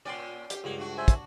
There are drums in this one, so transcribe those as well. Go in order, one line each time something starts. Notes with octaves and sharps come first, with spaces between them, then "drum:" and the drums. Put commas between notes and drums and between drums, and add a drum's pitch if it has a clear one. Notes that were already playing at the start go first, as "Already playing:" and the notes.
A#2 C#4 D5 G5 C6
G4, drum: hi-hat
C#2 G2 A#3 F#5
D4 F#4
C5 E5 G#5
drum: kick, hi-hat